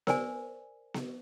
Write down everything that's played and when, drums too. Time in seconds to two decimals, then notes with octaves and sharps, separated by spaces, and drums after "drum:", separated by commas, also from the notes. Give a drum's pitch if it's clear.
0.07 A#4 C5 D5 G#5, drum: snare B3
0.94 drum: snare B3